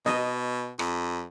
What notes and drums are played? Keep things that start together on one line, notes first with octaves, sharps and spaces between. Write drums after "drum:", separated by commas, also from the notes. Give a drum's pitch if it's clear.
B2 D#5, drum: snare B3
F2, drum: rim click